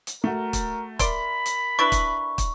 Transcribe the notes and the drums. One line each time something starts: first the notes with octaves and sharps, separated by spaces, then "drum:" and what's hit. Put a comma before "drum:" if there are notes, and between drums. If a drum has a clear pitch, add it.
drum: hi-hat
A3 F#4 A#4
drum: kick, hi-hat
A#4 D5 E5 B5 C6, drum: kick, hi-hat
drum: hi-hat
D4 E4 B4 C#6
drum: kick, hi-hat
drum: kick, hi-hat